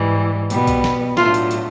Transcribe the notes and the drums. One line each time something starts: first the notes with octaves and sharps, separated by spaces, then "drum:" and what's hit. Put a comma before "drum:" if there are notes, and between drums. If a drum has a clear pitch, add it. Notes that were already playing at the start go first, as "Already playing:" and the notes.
Already playing: G#2 E3 G3
B2 G3 B3, drum: hi-hat
drum: kick B1, hi-hat
drum: snare
A2 F#3 A3 D4 F4, drum: snare
drum: hi-hat
drum: hi-hat